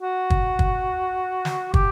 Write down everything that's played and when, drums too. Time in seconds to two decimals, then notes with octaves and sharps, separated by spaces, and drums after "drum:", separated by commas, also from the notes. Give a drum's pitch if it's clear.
0.02 F#4
0.30 drum: kick
0.59 drum: kick
1.45 drum: snare
1.74 G4, drum: kick